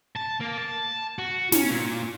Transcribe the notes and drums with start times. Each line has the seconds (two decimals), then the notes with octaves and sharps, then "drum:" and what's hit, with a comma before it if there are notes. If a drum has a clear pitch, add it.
0.16 A5
0.41 A#3
0.58 A5
1.18 F#4
1.52 C#4, drum: snare
1.70 A#2